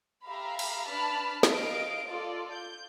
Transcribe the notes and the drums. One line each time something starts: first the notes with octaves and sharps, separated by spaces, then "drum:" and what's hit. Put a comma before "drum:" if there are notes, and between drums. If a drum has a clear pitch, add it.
G4 A4 E5 F5 A#5 B5
drum: cymbal
D4 B4 A5 B5 F6
D#5 F5 D7, drum: snare
F4 A4 D5
G6